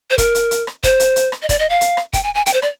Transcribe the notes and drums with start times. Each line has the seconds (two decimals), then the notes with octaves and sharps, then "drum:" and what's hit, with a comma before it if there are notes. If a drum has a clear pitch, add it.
0.10 C5
0.18 A#4, drum: kick, hi-hat
0.35 drum: hi-hat
0.51 drum: hi-hat
0.67 drum: rim click
0.83 C5, drum: kick, hi-hat
1.00 drum: hi-hat
1.16 drum: hi-hat
1.32 drum: rim click
1.42 D#5
1.49 D5, drum: kick, hi-hat
1.59 D#5
1.70 F5
1.81 drum: hi-hat
1.97 drum: rim click
2.13 G5, drum: kick, hi-hat
2.23 G#5
2.35 G#5
2.46 G5, drum: hi-hat
2.54 C5
2.62 D5, drum: rim click